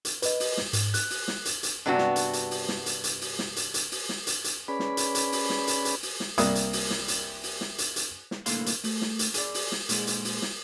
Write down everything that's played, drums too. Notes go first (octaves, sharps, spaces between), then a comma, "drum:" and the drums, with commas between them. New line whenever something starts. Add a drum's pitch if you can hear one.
drum: hi-hat
B4 D#5, drum: hi-hat
drum: open hi-hat
drum: snare
G#2, drum: hi-hat
F#6, drum: hi-hat
drum: open hi-hat
drum: snare
drum: hi-hat
drum: hi-hat
G2 C3 B3 D4 F#4
drum: snare
drum: hi-hat
drum: hi-hat
drum: open hi-hat
drum: snare
drum: hi-hat
drum: hi-hat
drum: open hi-hat
drum: snare
drum: hi-hat
drum: hi-hat
drum: open hi-hat
drum: snare
drum: hi-hat
drum: hi-hat
C#4 G#4 B4 D5 B5
drum: snare
drum: hi-hat
drum: hi-hat
drum: open hi-hat
drum: snare
drum: hi-hat
drum: hi-hat
drum: open hi-hat
drum: snare
C2 A#3 D5 D#6, drum: hi-hat
drum: hi-hat
drum: open hi-hat
drum: snare
drum: hi-hat
drum: open hi-hat
drum: snare
drum: hi-hat
drum: hi-hat
drum: snare
C2 A2 D3 A#3 F5 C6, drum: hi-hat
drum: hi-hat
A3, drum: open hi-hat
drum: snare
drum: hi-hat
G#4 D5, drum: hi-hat
drum: open hi-hat
drum: snare
A#2 G#3 G#4, drum: hi-hat
drum: hi-hat
drum: open hi-hat
drum: snare